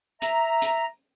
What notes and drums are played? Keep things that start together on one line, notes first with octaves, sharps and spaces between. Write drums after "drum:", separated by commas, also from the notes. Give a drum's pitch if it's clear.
E5 A#5, drum: hi-hat
drum: hi-hat